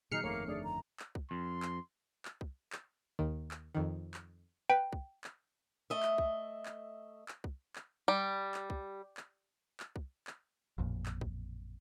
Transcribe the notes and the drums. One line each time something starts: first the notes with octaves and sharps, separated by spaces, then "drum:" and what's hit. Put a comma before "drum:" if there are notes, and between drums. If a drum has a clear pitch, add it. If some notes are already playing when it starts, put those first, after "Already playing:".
A#2 D#3 F#3 D#4 G#4 F6 C7 C#7
G1 F2 D#3 A3 A#3 A#4 C#5
A3 D4 G#4 D5
A#5
drum: clap
drum: kick
F2 C6
drum: clap
drum: clap
drum: kick
drum: clap
D#2 D#3
drum: clap
F2 D#3
drum: clap
B4 G5
drum: kick
drum: clap
A3 D#5 E5
drum: clap
drum: kick
drum: clap
drum: clap
drum: kick
drum: clap
G3
drum: clap
drum: kick
drum: clap
drum: clap
drum: kick
drum: clap
A1 F2 A#2
drum: clap
drum: kick